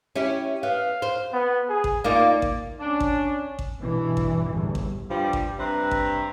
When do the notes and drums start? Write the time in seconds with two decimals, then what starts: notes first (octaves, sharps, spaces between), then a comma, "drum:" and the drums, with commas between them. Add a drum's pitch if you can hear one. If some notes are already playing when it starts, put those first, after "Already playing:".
0.16 C#4 E4 G4
0.63 B3 F5
1.02 C5
1.33 B3
1.69 G#4
1.84 drum: kick A1
2.04 A#3 D#4 F4 D5
2.42 drum: kick A1
2.80 C#4 D4
3.00 drum: kick A1
3.59 drum: kick A1
3.78 G2 B2 E3
4.17 drum: kick A1
4.49 G1 E2 A2
4.75 drum: kick A1
5.10 G2 F3 G3
5.33 drum: kick A1
5.59 G2 C4 B4 E5 A#5
5.91 drum: kick A1